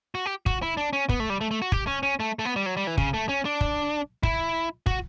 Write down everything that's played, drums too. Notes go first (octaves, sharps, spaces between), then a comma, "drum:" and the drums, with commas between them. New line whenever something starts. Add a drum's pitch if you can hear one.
F#4
G4
F#4, drum: kick
E4
D4
C#4
B3, drum: kick
A3
G3
A3
A3
F#4
G4, drum: kick
C#4
C#4
A3
A3
B3
G3
F#3
G3
E3
C#3, drum: kick
A3
C#4
D4
drum: kick
E4, drum: kick
F#4, drum: kick